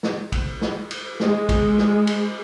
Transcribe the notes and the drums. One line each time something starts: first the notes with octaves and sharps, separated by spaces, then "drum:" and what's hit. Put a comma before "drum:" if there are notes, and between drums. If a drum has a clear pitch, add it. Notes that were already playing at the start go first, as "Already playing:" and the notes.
drum: snare
drum: kick, cymbal
drum: snare
drum: cymbal
G#3, drum: snare
drum: kick, cymbal
drum: snare
drum: cymbal